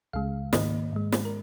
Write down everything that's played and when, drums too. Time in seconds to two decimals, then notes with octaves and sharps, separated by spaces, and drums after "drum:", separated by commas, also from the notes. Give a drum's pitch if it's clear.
0.13 C#2 C#3 G#3 F5
0.53 G#2 D#3 A#3 D#5, drum: snare
0.93 G#2 G#3
1.12 drum: snare
1.25 A#4